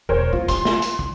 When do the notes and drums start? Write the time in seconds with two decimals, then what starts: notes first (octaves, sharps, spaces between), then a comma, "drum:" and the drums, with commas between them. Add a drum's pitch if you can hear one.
0.09 E1 A#4 C5 C#5
0.33 A#3 F4
0.48 F4 C6, drum: hi-hat
0.65 drum: snare
0.82 drum: hi-hat
0.99 drum: kick